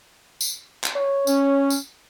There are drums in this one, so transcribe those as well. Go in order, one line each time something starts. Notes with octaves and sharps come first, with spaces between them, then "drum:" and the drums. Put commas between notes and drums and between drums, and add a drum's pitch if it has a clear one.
drum: tambourine
drum: clap
C#5
C#4, drum: tambourine
drum: tambourine